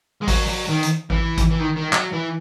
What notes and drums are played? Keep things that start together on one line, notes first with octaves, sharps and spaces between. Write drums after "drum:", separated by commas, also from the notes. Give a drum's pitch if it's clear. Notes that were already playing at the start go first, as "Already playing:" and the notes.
G#3
F#3, drum: kick A1, open hi-hat
F#3
D#3
drum: hi-hat
E3, drum: kick A1
drum: kick A1, hi-hat
E3
D#3
D#3
F#3, drum: clap
E3